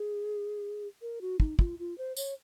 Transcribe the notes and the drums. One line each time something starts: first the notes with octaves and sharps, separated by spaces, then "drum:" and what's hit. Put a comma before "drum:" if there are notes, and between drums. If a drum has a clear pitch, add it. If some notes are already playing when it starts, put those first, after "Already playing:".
Already playing: G#4
A#4
F#4
D#4, drum: kick
F4, drum: kick
F4
C5
C#5, drum: tambourine